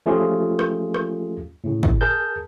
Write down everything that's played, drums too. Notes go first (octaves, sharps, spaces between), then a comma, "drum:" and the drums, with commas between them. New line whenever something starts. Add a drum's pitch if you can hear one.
F3 A3 C#4 F4 G4 G#4
drum: rim click
drum: rim click
A2 C#3
drum: kick
G#4 A#4 A5 G6